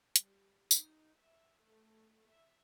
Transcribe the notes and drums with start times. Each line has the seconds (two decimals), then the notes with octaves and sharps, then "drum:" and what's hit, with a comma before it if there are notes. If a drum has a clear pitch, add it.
0.16 G3, drum: hi-hat
0.71 D#4, drum: tambourine
1.18 E5
1.61 A3
2.30 E5